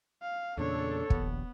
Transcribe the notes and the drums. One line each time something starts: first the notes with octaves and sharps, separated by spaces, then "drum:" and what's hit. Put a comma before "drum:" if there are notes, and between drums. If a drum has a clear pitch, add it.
F5
E2 A#2 C#3 D4 A4 C#5
A#1 D#2 B3, drum: kick